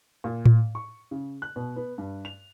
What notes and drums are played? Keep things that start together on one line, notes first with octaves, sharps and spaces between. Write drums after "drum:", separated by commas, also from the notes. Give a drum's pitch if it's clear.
A#2
drum: tom A2
C#6
C#3
F#6
B2
B3
G2
F7